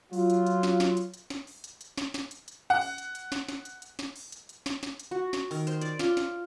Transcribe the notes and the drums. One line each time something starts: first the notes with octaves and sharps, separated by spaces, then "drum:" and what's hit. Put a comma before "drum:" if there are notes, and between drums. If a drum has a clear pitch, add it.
F#3 F4, drum: open hi-hat
drum: hi-hat
drum: hi-hat
drum: snare
drum: snare
drum: hi-hat
drum: hi-hat
drum: snare
drum: open hi-hat
drum: hi-hat
drum: hi-hat
drum: snare
drum: snare
drum: hi-hat
drum: hi-hat
F#5
drum: open hi-hat
drum: hi-hat
drum: hi-hat
drum: snare
drum: snare
drum: hi-hat
drum: hi-hat
drum: snare
drum: open hi-hat
drum: hi-hat
drum: hi-hat
drum: snare
drum: snare
drum: hi-hat
F#4
drum: snare
D#3, drum: open hi-hat
C5, drum: hi-hat
D5, drum: hi-hat
F4, drum: snare
drum: snare